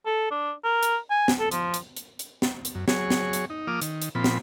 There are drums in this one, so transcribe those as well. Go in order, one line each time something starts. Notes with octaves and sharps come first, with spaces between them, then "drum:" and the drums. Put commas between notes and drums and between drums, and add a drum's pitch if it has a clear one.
A4
D4
A#4
drum: hi-hat
G#5
drum: snare
A4
F3, drum: hi-hat
drum: hi-hat
drum: hi-hat
drum: hi-hat
drum: snare
drum: hi-hat
F#2
F#3 G#4 C#5, drum: snare
drum: snare
drum: hi-hat
D#4
F3 A#3 D6 D#6 F6
D#3, drum: hi-hat
drum: hi-hat
A#2 F3 C4 B5
drum: snare